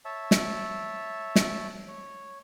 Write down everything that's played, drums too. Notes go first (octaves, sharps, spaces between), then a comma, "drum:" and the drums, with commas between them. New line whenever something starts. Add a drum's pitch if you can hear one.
C#5 E5 A5
drum: snare
drum: snare
C#5